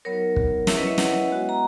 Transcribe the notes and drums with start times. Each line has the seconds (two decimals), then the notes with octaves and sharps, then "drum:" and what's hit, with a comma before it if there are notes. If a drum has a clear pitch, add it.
0.05 F#3 B3 D#4 F#4 A#4 C#5
0.36 drum: kick
0.67 F#3 C#4 E4 C#5 E5, drum: snare
0.77 B4 D#5
0.87 C#5 E5
0.98 D#5 F#5, drum: snare
1.29 G#3 B3 F#4
1.49 A#5